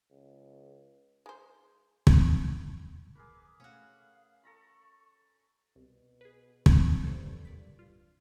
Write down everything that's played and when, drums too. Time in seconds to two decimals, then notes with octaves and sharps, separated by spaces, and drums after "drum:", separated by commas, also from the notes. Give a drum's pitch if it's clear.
0.10 C#2
1.26 G#3 C5
2.07 drum: kick
3.15 G#4 A#4 B4 D6
3.60 B2 A3 C#4 F#4 F5
4.43 A4 A#5 B5 C#6
5.76 C2 B2
6.21 G#4 B4
6.66 drum: kick
7.05 G2 A4 C5 C#7
7.45 G2 A#2 D5 B6
7.79 F4